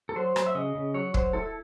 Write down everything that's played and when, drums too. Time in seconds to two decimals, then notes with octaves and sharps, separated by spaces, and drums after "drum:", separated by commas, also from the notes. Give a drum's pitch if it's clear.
0.09 A4
0.16 F#3 C5
0.36 F#3, drum: rim click
0.46 E5
0.55 C#3 D#5
0.75 C#3
0.94 F#3 C#5
1.14 F#3 C5, drum: kick
1.33 E4 A4